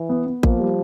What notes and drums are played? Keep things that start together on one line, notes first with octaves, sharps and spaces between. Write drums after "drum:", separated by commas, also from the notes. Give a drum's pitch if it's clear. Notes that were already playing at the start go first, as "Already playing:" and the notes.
Already playing: E3
B3
B3
F3 A#3, drum: kick A1
G3